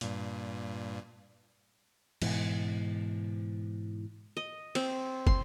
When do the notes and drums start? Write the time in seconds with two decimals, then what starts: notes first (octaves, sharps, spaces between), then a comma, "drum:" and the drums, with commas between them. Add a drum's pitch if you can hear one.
0.01 G2 A#2, drum: hi-hat
2.22 G#2 B2 E3, drum: cymbal
4.37 D#5
4.75 C4, drum: cymbal
5.27 C6, drum: kick